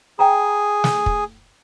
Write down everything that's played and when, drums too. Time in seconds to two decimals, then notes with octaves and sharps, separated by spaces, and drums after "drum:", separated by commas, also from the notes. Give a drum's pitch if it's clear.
0.19 G#4 G5 A#5
0.84 drum: snare
1.06 drum: kick